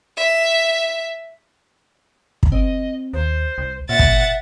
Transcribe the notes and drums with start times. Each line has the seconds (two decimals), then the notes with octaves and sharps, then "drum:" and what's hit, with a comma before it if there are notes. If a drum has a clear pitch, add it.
0.17 E5
2.43 drum: kick
2.52 C4 D#5
3.13 D#2 C5
3.58 C2
3.89 A#2 E5 F#5 A6
3.99 drum: kick